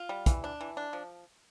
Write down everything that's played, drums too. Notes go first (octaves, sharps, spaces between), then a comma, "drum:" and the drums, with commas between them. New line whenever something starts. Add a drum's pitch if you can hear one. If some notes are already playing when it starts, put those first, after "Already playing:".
Already playing: F4
G3
E3, drum: kick, hi-hat
D4
E3
D4
F3